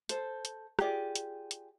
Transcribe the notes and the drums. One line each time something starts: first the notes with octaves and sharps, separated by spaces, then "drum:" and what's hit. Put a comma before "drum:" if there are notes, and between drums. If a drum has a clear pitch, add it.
A4 C5, drum: hi-hat
drum: hi-hat
F4 G4 G#4 D5, drum: rim click
drum: hi-hat
drum: hi-hat